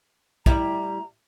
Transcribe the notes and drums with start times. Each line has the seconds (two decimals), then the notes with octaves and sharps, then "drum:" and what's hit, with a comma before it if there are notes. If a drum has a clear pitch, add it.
0.46 G3 E4 A#5, drum: kick